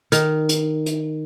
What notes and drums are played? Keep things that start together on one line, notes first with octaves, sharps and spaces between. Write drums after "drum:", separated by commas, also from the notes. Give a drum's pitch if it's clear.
D#3, drum: hi-hat
drum: hi-hat
drum: hi-hat